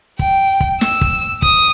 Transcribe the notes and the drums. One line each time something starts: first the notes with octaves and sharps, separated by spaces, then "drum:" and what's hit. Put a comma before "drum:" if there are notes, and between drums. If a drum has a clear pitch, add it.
G5, drum: kick
drum: kick
E6, drum: snare
drum: kick
D#6, drum: kick